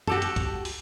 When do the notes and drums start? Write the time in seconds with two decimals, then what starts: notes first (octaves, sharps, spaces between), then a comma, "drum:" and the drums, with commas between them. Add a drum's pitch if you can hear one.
0.07 F#4 G4 A4, drum: tom F#2
0.22 drum: hi-hat
0.36 drum: kick, hi-hat
0.65 drum: open hi-hat